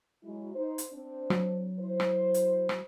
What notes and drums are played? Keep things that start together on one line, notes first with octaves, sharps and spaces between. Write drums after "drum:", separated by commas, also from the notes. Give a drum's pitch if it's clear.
F#3 G#3 E4
D#4 C5
drum: hi-hat
C4 D4
F#3, drum: rim click
E4 C5
drum: rim click
drum: hi-hat
drum: rim click